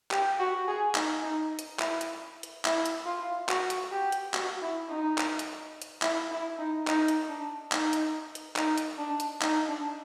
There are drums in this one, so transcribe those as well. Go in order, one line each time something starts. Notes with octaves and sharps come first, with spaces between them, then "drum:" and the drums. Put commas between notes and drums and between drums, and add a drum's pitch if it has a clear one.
G4, drum: clap
F#4
G#4
D#4, drum: clap
D#4
drum: hi-hat
E4, drum: clap
drum: hi-hat
drum: hi-hat
E4, drum: clap
drum: hi-hat
F4
F#4, drum: clap
drum: hi-hat
G4
drum: hi-hat
F#4, drum: clap
E4
D#4
drum: clap
drum: hi-hat
drum: hi-hat
E4, drum: clap
E4
D#4
D#4, drum: clap
drum: hi-hat
D4
D#4, drum: clap
drum: hi-hat
drum: hi-hat
D#4, drum: clap
drum: hi-hat
D4
drum: hi-hat
D#4, drum: clap
D4